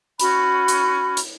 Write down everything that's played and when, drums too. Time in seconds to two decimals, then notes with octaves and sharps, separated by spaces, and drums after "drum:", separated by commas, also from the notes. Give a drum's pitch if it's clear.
0.20 C#4 F#4 B5, drum: hi-hat
0.68 drum: hi-hat
1.17 drum: hi-hat